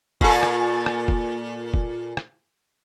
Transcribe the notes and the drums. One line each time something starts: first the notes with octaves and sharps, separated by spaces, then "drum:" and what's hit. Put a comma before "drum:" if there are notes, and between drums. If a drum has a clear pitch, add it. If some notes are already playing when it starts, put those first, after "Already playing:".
A#2 A4, drum: kick F1
drum: rim click
drum: rim click
drum: kick F1
drum: kick F1
drum: rim click